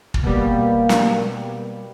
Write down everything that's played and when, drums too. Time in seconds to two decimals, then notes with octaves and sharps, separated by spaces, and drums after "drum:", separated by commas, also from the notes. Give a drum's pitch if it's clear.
0.14 drum: kick
0.24 B2 G3 A#3
0.89 drum: snare